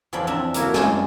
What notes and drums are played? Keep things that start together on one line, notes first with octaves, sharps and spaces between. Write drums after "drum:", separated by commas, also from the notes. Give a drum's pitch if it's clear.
E2 F3 D5 G5 B5
C4 D4 E5 A#5
A#3 E4 F#4, drum: hi-hat
F#2 G3 G#3 G5 A5, drum: snare